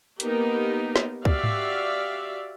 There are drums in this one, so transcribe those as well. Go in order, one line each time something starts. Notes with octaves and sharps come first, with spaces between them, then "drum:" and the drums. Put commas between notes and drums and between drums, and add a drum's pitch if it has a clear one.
A#3 B3 D#4 G4 A#4, drum: hi-hat
drum: snare
F#4 G4 D5 E5 F5, drum: kick
drum: tom G#2